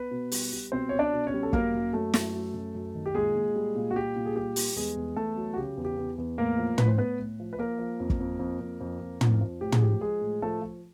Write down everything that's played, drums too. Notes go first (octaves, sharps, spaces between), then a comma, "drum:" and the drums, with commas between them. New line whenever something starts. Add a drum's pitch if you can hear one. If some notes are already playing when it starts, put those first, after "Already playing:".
Already playing: B3 B4
B2
G3, drum: open hi-hat
G3
B2 C4 C5
B2 C#5
D4 D5
B2
C#4 C#5
G3
A4
F#2 A#3 A#4, drum: kick
F#2
F#3 A3 A4
F#2, drum: snare
F#3
F#2
F#2
D#3
G4
A#2 G#3 G#4
A#2
G3
A#2
F#4
G3 G4
A#2
G#4
G3 G4
G3, drum: open hi-hat
E2 G#3 G#4
E2
E2 A3 A4
F#3
F#4
C#3 G4
E2
G4
E2
E2
A2 A#3 A#4
F3
A2 B4, drum: tom
C5
A2 B3 B4
A2
F3
B4
F3 A#3 A#4
F3
F2
drum: kick
F2
F2
F2
F2
F2
F2, drum: tom
F3
A2 G4
G#4, drum: tom
F3 G4
F3 G#3 G#4
A2
F3 A3 A4
F3